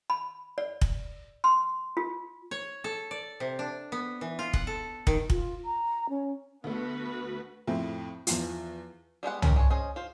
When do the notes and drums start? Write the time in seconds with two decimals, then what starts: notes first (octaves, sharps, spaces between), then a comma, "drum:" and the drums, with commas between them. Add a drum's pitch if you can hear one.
0.10 B5
0.58 D5
0.81 drum: kick
1.44 C6
1.97 F4
2.51 C#5
2.84 A4
3.11 D5
3.40 C3
3.59 D4
3.92 B3
4.21 E3
4.39 F4
4.53 F#5, drum: kick
4.67 A4
5.07 D#3, drum: kick
5.30 F4, drum: kick
5.65 A#5
6.10 C#4
6.64 D2 A3 B3 F#4 B4
7.67 F2 A2 C4
8.27 E2 F3, drum: hi-hat
9.23 G3 G#3 B3 F#5
9.42 C#4 F4 G4 A#4, drum: tom
9.56 G#3 D4 C#5
9.70 C#4 G#4 C5 D#5
9.96 F4 C5